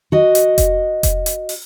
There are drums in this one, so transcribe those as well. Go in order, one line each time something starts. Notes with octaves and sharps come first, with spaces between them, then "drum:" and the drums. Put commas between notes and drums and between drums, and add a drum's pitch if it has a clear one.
F#4 D#5
drum: hi-hat
drum: kick F1, hi-hat
drum: kick F1, hi-hat
drum: hi-hat
drum: open hi-hat